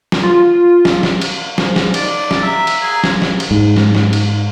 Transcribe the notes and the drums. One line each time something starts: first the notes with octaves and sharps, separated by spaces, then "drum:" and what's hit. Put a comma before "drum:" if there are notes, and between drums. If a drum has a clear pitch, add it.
drum: snare
F4
drum: snare
drum: snare
drum: cymbal
G#4 C5, drum: snare
drum: snare
D#4 D5, drum: cymbal
drum: snare
E5 A#5
drum: cymbal
G#4
drum: snare
drum: snare
drum: cymbal
G#2
drum: snare
drum: snare
drum: cymbal